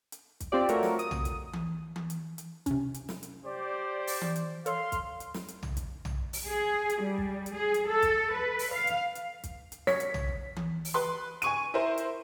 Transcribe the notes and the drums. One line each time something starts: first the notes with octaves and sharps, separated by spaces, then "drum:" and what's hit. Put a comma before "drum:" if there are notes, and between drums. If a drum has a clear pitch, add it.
drum: hi-hat
drum: kick, hi-hat
C4 F4 G4 D5
A3 F4 F#4 A#4 C#5 E5, drum: hi-hat
drum: snare
D#6, drum: hi-hat
drum: tom
drum: kick, hi-hat
drum: tom E3
drum: tom E3
drum: hi-hat
drum: hi-hat
C3 C#4, drum: kick, hi-hat
drum: hi-hat
drum: snare
drum: hi-hat
G4 C5 D5
drum: open hi-hat
drum: tom E3
drum: hi-hat
A4 C#5 F5 C6, drum: hi-hat
drum: kick, hi-hat
drum: hi-hat
drum: snare
drum: hi-hat
drum: tom
drum: kick, hi-hat
drum: tom
drum: open hi-hat
G#4
drum: hi-hat
G3
drum: kick
drum: hi-hat
G#4
drum: hi-hat
A4
drum: kick, hi-hat
B4
drum: open hi-hat
F5
drum: hi-hat
drum: hi-hat
drum: kick, hi-hat
drum: hi-hat
C#5 B6, drum: snare
drum: hi-hat
drum: tom
drum: kick
drum: tom E3
drum: open hi-hat
B4 C6
G#5 C#6 D#7, drum: hi-hat
E4 A#4 C5
drum: hi-hat